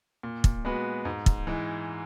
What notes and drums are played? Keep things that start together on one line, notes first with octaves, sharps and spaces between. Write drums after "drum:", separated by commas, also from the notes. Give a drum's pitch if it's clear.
A#2
drum: kick
G#3 B3 F#4 B4
G#2
drum: kick
E3 G#3